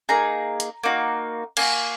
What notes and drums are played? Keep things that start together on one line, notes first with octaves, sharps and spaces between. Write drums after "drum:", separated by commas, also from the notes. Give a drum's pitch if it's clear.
A#3 D#4 G#4 A#5
drum: hi-hat
A#3 D#4 F#4
A#3 D#4 F#4 G#5, drum: cymbal